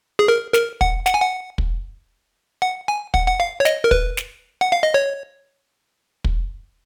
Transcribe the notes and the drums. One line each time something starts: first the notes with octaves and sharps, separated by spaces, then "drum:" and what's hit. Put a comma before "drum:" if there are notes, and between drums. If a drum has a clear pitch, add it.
G#4
A#4
A#4, drum: snare
F#5, drum: kick
F#5, drum: snare
G#5
F#5
drum: kick
F#5
G#5
F#5, drum: kick
F#5
F5
C#5
D#5, drum: snare
A#4
B4, drum: kick
drum: snare
F#5
F5
D#5
C#5
drum: kick